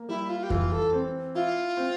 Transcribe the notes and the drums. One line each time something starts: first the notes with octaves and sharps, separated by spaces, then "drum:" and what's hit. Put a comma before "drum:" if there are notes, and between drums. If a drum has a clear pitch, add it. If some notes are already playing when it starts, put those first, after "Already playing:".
Already playing: A#3
G3 E4
F4
G4
E3 F4, drum: kick F2
A4
C4
E4 F4
C4